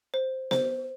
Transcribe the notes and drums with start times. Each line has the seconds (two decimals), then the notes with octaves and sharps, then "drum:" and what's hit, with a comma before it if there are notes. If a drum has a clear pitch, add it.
0.14 C5
0.51 C5, drum: snare B3